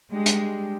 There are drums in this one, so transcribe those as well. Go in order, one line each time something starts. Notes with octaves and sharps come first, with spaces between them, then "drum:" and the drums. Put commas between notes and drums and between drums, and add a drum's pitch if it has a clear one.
G3 G#3 D4 G4
drum: hi-hat